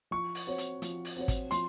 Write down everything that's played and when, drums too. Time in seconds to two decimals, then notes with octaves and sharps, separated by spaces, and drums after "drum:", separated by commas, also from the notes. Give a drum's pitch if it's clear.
0.11 F3 C#6
0.35 drum: open hi-hat
0.47 C4 F#4 C#5
0.58 drum: hi-hat
0.82 F3, drum: hi-hat
1.05 drum: open hi-hat
1.16 C4 F#4 C#5
1.28 drum: kick G#1, hi-hat
1.51 F3 C6, drum: hi-hat